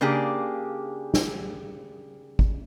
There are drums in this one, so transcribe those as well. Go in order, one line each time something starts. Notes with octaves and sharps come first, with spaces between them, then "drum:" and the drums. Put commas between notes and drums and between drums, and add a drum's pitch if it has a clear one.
C#3 A#3 D4 G4 G#4
drum: snare
drum: kick